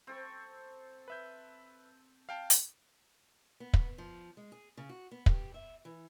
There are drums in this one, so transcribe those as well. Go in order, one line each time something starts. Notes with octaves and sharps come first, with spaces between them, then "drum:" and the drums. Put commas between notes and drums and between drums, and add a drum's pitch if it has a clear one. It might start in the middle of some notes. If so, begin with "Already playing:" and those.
C4 A4 C#6
B4 E5 G6
F5 G5 A5
drum: hi-hat
B3
drum: kick
F3
G#3
G#4
C#3
F#4
B3
G4, drum: kick
E5
E3